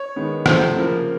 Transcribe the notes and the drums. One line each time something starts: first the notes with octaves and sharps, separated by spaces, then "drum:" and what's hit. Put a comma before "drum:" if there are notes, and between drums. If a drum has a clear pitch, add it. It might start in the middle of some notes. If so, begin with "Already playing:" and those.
Already playing: C#5
D#3 G#3 B3
C3 F3 A3 C5, drum: rim click
C#3 F3 A#3